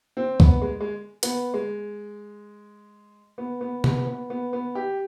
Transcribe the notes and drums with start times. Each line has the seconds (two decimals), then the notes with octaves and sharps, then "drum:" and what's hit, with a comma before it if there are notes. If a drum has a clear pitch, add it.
0.17 C4
0.40 B3, drum: kick
0.62 G#3
0.81 G#3
1.23 B3, drum: hi-hat
1.54 G#3
3.38 B3
3.61 B3
3.84 B3, drum: tom
4.07 B3
4.30 B3
4.53 B3
4.75 G4